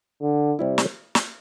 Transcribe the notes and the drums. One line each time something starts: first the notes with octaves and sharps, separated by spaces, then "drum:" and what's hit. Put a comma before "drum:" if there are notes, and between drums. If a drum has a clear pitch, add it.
D3
C3 G3 E4
drum: snare
drum: snare